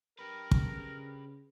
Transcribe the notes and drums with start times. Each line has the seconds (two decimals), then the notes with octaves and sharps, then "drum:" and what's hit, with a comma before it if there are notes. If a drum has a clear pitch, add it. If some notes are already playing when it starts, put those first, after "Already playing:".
0.19 G4 A#4 B4
0.51 C#3, drum: kick